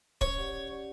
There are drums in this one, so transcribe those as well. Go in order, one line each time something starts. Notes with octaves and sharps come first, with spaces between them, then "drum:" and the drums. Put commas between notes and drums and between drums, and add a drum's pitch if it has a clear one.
C#4 C#5, drum: kick D1
G4 D5 F#5
C#4
G4 D5 F#5